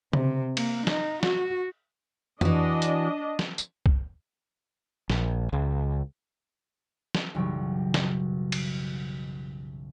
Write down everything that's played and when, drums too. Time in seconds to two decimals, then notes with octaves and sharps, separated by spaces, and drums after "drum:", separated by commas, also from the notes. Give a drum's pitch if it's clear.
0.13 C3, drum: tom C#3
0.57 A#3, drum: cymbal
0.87 D#4, drum: snare
1.23 F#4, drum: snare
2.41 E3 D4 F#4 D#5, drum: tom F2
2.82 drum: hi-hat
3.39 drum: snare
3.58 drum: tambourine
3.86 drum: kick C2
5.10 A#1, drum: snare
5.53 C#2
7.15 drum: snare
7.35 B1 F#2 C#3 E3 F#3 G3
7.94 drum: snare
8.52 drum: cymbal